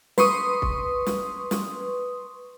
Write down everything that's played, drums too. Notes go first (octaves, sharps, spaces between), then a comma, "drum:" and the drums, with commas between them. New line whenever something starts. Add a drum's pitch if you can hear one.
B4 C6 C#6 D#6, drum: snare
drum: kick
drum: snare
drum: snare